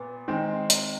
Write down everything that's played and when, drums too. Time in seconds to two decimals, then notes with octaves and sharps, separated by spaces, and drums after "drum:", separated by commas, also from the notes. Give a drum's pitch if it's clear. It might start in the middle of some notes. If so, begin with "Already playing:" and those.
Already playing: A#2 B3
0.28 D#3 G#3 C4
0.70 drum: hi-hat